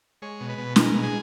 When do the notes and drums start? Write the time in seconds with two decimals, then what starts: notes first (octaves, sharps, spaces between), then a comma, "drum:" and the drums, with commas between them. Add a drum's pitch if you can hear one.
0.22 G#3 C#5
0.40 B2
0.49 B4
0.58 B2
0.76 G#3 A#4, drum: snare
0.94 B2
1.03 G#4